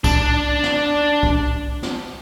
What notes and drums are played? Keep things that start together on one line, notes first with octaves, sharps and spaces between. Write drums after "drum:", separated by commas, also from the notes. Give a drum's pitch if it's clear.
D4, drum: kick C2, tambourine
drum: snare
drum: kick C2
drum: snare